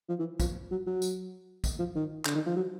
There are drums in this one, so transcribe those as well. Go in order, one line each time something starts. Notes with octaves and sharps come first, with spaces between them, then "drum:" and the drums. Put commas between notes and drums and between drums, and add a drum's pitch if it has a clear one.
F3
E3
F3, drum: kick, tambourine
F#3
F#3
drum: tambourine
drum: kick, tambourine
F3
D#3
D3, drum: clap
D#3
F3
F#3